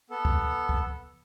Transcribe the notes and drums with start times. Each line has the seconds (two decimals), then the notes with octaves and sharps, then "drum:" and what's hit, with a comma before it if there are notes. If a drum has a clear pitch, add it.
0.10 B3 A4
0.25 drum: kick
0.69 drum: kick